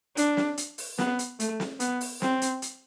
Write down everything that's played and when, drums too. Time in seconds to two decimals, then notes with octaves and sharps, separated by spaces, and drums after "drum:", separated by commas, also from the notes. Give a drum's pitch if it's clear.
0.17 D4, drum: hi-hat
0.37 drum: snare
0.57 drum: hi-hat
0.78 drum: open hi-hat
0.98 B3, drum: snare
1.19 drum: hi-hat
1.40 A3, drum: hi-hat
1.60 drum: snare
1.80 B3, drum: hi-hat
2.01 drum: open hi-hat
2.22 C4, drum: snare
2.42 drum: hi-hat
2.62 drum: hi-hat